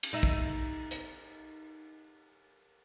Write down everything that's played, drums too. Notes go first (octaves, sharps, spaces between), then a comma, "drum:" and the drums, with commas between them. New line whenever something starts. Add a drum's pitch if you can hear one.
drum: cymbal
D#4 E5
drum: kick
drum: hi-hat